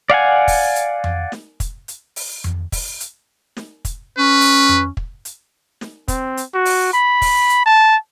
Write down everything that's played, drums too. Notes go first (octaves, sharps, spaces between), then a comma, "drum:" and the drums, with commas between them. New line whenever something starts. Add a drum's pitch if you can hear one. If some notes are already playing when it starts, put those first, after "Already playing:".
D5 F5 F#5 G#5
drum: kick, open hi-hat
drum: hi-hat
drum: tom F2
drum: snare
drum: kick, hi-hat
drum: hi-hat
drum: open hi-hat
drum: tom F2
drum: kick, open hi-hat
drum: hi-hat
drum: snare
drum: kick, hi-hat
C#4 B4
drum: open hi-hat
drum: tom F2
drum: kick
drum: hi-hat
drum: snare
C4, drum: kick, hi-hat
drum: hi-hat
F#4
drum: open hi-hat
B5
drum: kick, open hi-hat
drum: hi-hat
A5